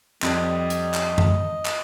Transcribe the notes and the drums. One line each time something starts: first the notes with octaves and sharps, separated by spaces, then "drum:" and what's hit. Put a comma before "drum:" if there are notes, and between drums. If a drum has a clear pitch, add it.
F2 G3 C4 D#5, drum: clap
drum: hi-hat
drum: clap
drum: tom F#2
drum: clap